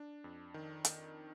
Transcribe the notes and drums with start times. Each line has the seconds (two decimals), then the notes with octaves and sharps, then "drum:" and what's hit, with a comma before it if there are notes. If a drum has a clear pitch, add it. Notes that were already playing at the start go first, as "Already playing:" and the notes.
Already playing: D4
0.24 F2
0.54 D#3
0.85 drum: hi-hat